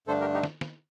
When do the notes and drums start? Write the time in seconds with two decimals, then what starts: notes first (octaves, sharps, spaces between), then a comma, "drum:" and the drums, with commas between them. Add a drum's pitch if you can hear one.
0.07 G2 D3 A3 D4 A4 C5
0.21 G4 A#4
0.34 D#4 G4
0.43 drum: snare
0.61 drum: snare